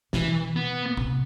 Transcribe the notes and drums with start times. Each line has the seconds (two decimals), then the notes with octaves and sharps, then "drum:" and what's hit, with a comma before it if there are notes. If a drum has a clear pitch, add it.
0.13 B2 E3, drum: snare
0.56 B3
0.97 C3, drum: tom A2